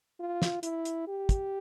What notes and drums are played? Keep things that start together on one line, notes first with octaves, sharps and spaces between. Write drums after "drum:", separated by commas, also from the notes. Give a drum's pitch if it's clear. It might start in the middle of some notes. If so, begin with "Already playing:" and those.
F4
drum: snare
E4, drum: hi-hat
drum: hi-hat
G4
drum: kick, hi-hat